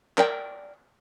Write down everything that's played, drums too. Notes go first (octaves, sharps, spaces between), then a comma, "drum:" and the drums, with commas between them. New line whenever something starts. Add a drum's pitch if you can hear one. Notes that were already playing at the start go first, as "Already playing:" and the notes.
A#4 D5 G5, drum: clap